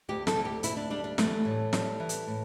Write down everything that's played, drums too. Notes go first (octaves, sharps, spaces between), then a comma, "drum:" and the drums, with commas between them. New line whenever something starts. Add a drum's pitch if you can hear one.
D2 G4
A4, drum: snare
D2
G4
D2 E4, drum: hi-hat
D4
G3 D4
D4
E3 A3, drum: snare
A2
G3, drum: snare
E3
drum: hi-hat
A2